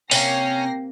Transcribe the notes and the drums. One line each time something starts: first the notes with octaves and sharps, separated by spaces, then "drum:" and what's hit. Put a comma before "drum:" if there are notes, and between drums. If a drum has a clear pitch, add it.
C3 A#3 C#4 G5 A#6 C7, drum: open hi-hat